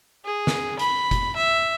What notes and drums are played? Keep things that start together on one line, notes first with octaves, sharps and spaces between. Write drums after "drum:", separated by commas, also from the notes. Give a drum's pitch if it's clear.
G#4
drum: snare
B5, drum: hi-hat
drum: kick F#1, hi-hat
E5